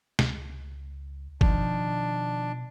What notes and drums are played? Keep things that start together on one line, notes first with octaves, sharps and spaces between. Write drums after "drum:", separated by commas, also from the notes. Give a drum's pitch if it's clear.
C#2, drum: snare
B2 D#3 F3 D4, drum: kick G1